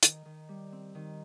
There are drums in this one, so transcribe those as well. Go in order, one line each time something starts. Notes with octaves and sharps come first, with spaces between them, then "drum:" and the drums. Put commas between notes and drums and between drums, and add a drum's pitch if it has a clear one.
D#3, drum: hi-hat
D#3
G3
C4
D#3